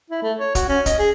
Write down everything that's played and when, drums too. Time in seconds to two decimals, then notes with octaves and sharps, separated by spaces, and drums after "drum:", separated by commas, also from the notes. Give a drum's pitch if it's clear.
0.10 E4
0.23 A3
0.39 C#5
0.55 F#4, drum: kick D1, hi-hat
0.69 C#4
0.86 D#5, drum: kick D1, hi-hat
0.99 G#4